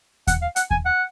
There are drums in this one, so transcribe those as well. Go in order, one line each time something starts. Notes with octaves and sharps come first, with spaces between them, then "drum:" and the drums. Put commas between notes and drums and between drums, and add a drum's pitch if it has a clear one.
F#5, drum: kick D#2, hi-hat
F5
F#5, drum: hi-hat
G#5, drum: kick D#2
F#5